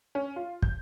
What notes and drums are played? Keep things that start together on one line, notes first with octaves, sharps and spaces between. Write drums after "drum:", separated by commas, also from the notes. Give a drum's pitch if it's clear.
C#4
F4
G6, drum: kick